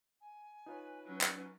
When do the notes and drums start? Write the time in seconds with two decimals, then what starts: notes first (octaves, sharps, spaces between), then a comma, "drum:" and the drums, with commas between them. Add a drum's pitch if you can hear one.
0.21 G#5
0.66 D#4 F4 B4 C#5
1.06 F#3 C#4
1.21 drum: clap